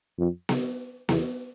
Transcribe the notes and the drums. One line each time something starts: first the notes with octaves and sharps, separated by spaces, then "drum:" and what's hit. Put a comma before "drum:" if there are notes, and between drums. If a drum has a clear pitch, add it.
F2
drum: snare B3
E2, drum: snare B3